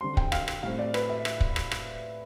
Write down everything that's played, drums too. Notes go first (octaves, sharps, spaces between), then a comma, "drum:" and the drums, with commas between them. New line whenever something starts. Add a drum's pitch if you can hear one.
D3 G3 C4 C6
G5, drum: kick
F5, drum: rim click
drum: rim click
A2 G3 C4 F5
D5
B4, drum: rim click
E5
drum: rim click
drum: kick
drum: rim click
drum: rim click